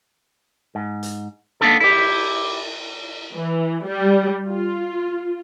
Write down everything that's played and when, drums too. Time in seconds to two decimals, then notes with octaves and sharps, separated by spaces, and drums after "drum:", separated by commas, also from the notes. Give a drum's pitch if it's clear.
0.75 G#2
1.03 drum: hi-hat
1.61 A#3 B3 D4 D#4 A4
1.80 E4 G4, drum: cymbal
3.36 E3
3.87 G3
4.47 F4